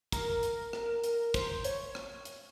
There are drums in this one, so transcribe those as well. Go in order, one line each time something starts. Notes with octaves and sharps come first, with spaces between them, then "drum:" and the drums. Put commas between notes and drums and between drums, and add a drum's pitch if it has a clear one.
A#4, drum: kick, hi-hat
drum: hi-hat
drum: rim click
A#4, drum: hi-hat
C5, drum: kick, hi-hat
C#5, drum: hi-hat
drum: rim click
drum: hi-hat